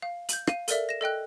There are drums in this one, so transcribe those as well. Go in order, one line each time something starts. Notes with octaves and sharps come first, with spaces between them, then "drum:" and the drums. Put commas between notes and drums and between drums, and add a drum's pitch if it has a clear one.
F5
G6 F#7, drum: hi-hat
F5 D#7, drum: rim click
A4 A#4 D5 E5, drum: hi-hat
A#6 E7
A4 D#5 G5 F#6